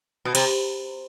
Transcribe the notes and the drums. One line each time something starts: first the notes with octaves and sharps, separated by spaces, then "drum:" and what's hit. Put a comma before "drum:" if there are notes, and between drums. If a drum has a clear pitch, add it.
B2
C3, drum: cymbal